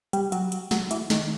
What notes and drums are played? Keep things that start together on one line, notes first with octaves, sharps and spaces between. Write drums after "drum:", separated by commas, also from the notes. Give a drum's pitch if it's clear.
G3, drum: hi-hat
F#3, drum: hi-hat
drum: hi-hat
F#3, drum: snare
E3, drum: hi-hat
D#3, drum: snare